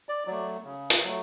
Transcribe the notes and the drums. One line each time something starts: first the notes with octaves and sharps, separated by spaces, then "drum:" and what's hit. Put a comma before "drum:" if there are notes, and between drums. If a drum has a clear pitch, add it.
D5
F#3 A3 D5
C#3
drum: hi-hat
F#3 A3